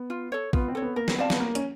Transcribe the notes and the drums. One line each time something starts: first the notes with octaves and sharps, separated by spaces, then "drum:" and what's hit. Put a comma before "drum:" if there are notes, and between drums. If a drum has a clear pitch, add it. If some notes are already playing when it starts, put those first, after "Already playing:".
Already playing: B3
F4
A4 C#5
B3 F4, drum: kick
C4
A4 C#5
B3
A#3 A#4
B3, drum: snare
C4 D5 F5 A5
B3, drum: snare
A#3 A#4
C#4, drum: hi-hat